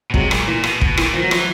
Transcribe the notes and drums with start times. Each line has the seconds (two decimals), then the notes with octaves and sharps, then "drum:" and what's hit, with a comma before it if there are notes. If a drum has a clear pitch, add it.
0.11 B2
0.14 C3 F#3 G#3, drum: kick
0.31 A#2, drum: rim click
0.47 A#2 E3
0.64 B2, drum: rim click
0.81 B2, drum: kick
0.97 A#2 E3, drum: rim click
1.14 D#3 F3
1.24 F#3
1.31 E3 F3, drum: rim click